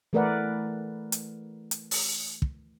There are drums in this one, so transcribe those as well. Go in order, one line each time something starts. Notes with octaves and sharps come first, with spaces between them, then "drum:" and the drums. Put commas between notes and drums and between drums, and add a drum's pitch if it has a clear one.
E3 A3 A#4 B4 D5 F#5
drum: hi-hat
drum: hi-hat
drum: open hi-hat
drum: kick